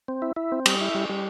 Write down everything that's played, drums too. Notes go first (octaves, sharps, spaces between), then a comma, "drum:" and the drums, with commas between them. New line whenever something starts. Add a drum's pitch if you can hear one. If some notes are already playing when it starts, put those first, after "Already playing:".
C4
E4
E4
C4
G3, drum: cymbal
E4
G3
G3